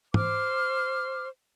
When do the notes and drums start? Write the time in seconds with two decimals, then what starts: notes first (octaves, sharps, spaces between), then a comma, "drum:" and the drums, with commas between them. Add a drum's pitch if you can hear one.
0.14 C5 D6 F6, drum: tom